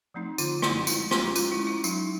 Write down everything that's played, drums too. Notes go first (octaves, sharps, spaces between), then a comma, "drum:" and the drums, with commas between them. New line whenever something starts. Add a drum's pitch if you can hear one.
F3 A3 C4 D#4
D3 F4, drum: tambourine
F3 A3 C4 D#4 E4, drum: rim click
G#3 E4, drum: tambourine
C#4 F4, drum: rim click
G#3 F4, drum: tambourine
E4
C#4
E4
F#3 D#4, drum: tambourine